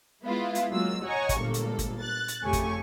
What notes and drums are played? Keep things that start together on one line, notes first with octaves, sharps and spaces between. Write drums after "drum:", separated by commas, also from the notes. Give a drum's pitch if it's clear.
G#3 B3 E4 F4
drum: hi-hat
F#3 G#3 A#3 F4 E6
C#5 D#5 F#5 G#5 A#5 C#6
drum: kick, hi-hat
G1 A#2 G#3 A#3 A4
drum: hi-hat
drum: kick, hi-hat
F#6 A6
drum: hi-hat
F2 C#3 A3 G4 G#5 C#6
drum: kick, hi-hat